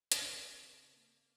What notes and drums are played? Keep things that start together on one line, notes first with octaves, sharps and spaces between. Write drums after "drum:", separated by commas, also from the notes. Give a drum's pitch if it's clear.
C#3 C4, drum: hi-hat
A#3